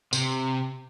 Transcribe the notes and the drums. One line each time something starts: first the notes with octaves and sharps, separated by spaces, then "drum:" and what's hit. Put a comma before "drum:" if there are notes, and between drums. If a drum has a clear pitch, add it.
C3, drum: tambourine